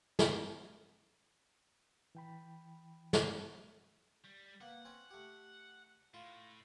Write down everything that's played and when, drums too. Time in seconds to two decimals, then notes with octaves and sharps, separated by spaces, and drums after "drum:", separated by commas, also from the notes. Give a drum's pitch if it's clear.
0.19 C#4, drum: snare
2.15 E3 G5 B5
3.13 drum: snare
4.24 G3
4.61 A#3 B3 F#5
4.85 C4 C#4 B4
5.11 A3 G4
6.14 A2 F4